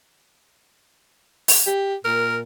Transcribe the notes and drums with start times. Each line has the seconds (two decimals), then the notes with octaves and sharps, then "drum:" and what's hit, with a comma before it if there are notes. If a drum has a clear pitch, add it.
1.48 drum: open hi-hat
1.67 G4
2.05 A#2 A#4